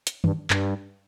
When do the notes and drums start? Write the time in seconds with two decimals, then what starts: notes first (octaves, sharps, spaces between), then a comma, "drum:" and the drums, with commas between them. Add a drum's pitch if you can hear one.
0.07 drum: hi-hat
0.24 G2, drum: tom D#3
0.50 G2, drum: clap